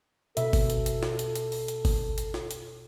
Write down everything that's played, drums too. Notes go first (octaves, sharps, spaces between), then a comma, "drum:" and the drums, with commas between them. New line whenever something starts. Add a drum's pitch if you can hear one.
B2 A4 E5, drum: hi-hat
drum: kick G1, open hi-hat
drum: hi-hat
drum: hi-hat
drum: snare
drum: hi-hat
drum: hi-hat
drum: open hi-hat
drum: hi-hat
drum: kick G1, open hi-hat
drum: hi-hat
drum: snare
drum: hi-hat